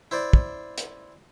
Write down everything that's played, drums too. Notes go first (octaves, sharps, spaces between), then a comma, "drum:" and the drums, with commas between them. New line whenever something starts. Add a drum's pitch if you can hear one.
E4 C5 D5
drum: kick
drum: hi-hat